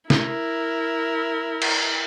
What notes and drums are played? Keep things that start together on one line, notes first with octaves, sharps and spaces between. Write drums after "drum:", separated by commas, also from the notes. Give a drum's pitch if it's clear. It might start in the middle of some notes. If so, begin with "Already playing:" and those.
E4 A#4, drum: snare
drum: cymbal